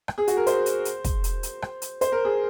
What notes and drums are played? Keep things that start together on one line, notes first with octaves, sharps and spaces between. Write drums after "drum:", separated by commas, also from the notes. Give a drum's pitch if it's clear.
drum: rim click
G#4
F#4, drum: hi-hat
A#4
C5, drum: hi-hat
drum: hi-hat
drum: hi-hat
drum: kick, hi-hat
drum: hi-hat
drum: hi-hat
drum: rim click
drum: hi-hat
C5, drum: hi-hat
A#4
G#4